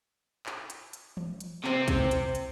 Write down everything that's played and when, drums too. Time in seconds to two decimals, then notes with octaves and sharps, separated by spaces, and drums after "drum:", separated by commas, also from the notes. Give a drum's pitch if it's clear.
0.46 drum: clap
0.70 drum: hi-hat
0.93 drum: hi-hat
1.17 drum: tom
1.40 drum: hi-hat
1.64 C3 C4, drum: clap
1.88 drum: kick, hi-hat
2.11 drum: hi-hat
2.35 drum: hi-hat